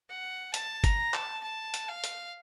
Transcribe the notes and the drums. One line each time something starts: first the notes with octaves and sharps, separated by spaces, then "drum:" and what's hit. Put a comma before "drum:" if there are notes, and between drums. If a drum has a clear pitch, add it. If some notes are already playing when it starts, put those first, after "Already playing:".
F#5
A5, drum: hi-hat
A#5, drum: kick G1, hi-hat
A5, drum: clap
A5
drum: hi-hat
F5
drum: hi-hat